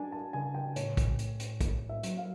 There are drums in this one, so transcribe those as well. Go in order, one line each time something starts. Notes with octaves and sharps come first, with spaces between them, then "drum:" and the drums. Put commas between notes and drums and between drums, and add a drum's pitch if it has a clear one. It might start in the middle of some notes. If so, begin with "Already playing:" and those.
Already playing: D4 G#5 A5
A5
C#3 G#5
G5
A2 C#5, drum: hi-hat
drum: kick, hi-hat
A2, drum: hi-hat
drum: hi-hat
A#3, drum: kick, hi-hat
E5
F#3, drum: hi-hat
F5